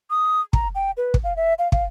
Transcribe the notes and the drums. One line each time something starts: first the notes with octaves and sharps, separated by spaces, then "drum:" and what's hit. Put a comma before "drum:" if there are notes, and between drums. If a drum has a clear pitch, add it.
D#6
A#5, drum: kick
G5
B4
drum: kick
F5
E5
F5
F5, drum: kick